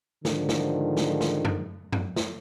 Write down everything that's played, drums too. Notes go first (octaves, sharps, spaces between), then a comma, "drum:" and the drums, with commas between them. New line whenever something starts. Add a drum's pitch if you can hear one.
G#2 D3 D#3 F3, drum: snare
drum: snare
drum: snare
drum: snare
drum: tom F#2
drum: tom F#2
drum: snare